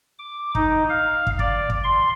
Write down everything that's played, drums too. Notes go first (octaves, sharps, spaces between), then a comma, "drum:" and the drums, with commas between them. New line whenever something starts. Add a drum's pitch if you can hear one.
D6
D#4, drum: kick
F5
drum: kick
D5, drum: kick
drum: kick
C6